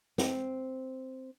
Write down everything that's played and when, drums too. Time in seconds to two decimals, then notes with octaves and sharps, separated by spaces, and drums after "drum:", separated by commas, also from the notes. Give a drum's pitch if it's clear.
0.18 C4, drum: snare